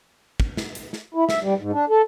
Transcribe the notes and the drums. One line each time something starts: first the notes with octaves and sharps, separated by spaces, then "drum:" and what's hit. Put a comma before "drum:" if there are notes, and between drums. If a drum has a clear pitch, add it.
drum: kick
drum: snare
drum: hi-hat
drum: snare
E4
E5, drum: snare
G3
G#2
D4
A4